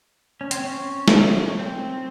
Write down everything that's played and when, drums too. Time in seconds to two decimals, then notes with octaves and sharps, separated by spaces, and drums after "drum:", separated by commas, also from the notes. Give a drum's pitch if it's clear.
0.41 C#4
0.51 C4, drum: hi-hat
0.62 C#4
1.08 drum: snare
1.59 C4